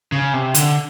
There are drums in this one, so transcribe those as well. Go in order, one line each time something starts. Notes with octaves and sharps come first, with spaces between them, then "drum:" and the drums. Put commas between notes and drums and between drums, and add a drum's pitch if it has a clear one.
C#3
C3
D3, drum: hi-hat